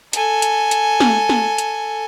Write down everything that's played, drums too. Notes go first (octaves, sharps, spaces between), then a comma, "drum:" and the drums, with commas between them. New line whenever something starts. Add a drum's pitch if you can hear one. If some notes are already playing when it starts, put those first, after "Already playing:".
A4 G#5, drum: hi-hat
drum: hi-hat
drum: hi-hat
drum: snare
drum: snare
drum: hi-hat